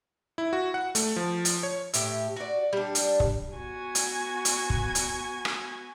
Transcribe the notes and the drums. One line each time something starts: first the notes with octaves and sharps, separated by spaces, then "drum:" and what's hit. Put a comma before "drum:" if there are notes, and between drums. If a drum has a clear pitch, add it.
E4
F#4
F#5
A3, drum: hi-hat
F3
drum: hi-hat
C#5
A2 G4, drum: hi-hat
F#4 D5
G3 D4
drum: hi-hat
drum: kick
B3 F#4 G#5 G#6
drum: hi-hat
drum: hi-hat
drum: kick
drum: hi-hat
drum: rim click